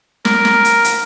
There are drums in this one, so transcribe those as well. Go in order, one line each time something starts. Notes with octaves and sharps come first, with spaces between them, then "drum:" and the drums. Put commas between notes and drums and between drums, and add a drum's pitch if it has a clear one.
A#4, drum: snare
drum: snare
drum: hi-hat
drum: hi-hat